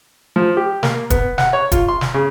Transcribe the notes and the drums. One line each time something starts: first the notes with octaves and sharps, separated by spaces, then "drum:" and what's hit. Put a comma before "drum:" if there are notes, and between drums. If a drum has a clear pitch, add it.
F3
G4
A#3, drum: snare
B3, drum: kick, hi-hat
F#5, drum: snare
C#5
F4, drum: kick, hi-hat
C6
drum: snare
C#3